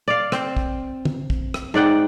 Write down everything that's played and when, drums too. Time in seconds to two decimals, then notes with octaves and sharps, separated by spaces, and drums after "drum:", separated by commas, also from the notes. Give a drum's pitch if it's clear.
0.08 D5 F5
0.32 C4 C5, drum: rim click
0.57 drum: kick
1.05 drum: tom
1.30 drum: kick
1.54 drum: rim click
1.74 G#2 D5 F#5 G5